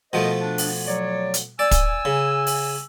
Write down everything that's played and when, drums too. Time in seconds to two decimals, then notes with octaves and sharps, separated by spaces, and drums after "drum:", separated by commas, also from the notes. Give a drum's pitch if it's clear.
0.13 B2 F3 A3 A#4 C5 D#5
0.39 D4
0.58 drum: open hi-hat
0.87 F#3 C#5 D5
1.34 drum: hi-hat
1.59 D5 G#5 E6
1.71 drum: kick, hi-hat
2.05 C#3
2.47 drum: open hi-hat